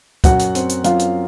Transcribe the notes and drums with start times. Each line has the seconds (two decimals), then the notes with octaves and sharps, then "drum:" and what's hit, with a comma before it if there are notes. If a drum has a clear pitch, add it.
0.24 F#2 F#4 F#5, drum: kick, hi-hat
0.39 drum: hi-hat
0.55 C4, drum: hi-hat
0.69 drum: hi-hat
0.84 F#2 F4 F5, drum: hi-hat
0.99 drum: hi-hat